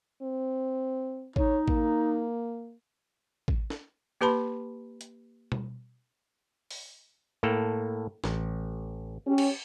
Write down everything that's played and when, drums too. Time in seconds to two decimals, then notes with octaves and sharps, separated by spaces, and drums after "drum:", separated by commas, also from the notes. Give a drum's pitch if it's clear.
0.22 C4
1.36 D#4 C#5, drum: kick A1
1.68 A#3, drum: kick A1
3.48 drum: kick A1
3.70 drum: snare
4.21 A#3 G4 B4 A5 B5 C6
5.01 drum: hi-hat
5.52 drum: tom B2
6.71 drum: open hi-hat
7.43 A2 A#3 A4
8.24 A1, drum: snare
9.26 C#4 G4
9.38 drum: cymbal